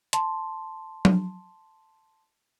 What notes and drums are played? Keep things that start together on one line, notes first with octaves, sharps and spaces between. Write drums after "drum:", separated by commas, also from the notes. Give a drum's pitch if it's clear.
A5 C6, drum: hi-hat
drum: tom F#3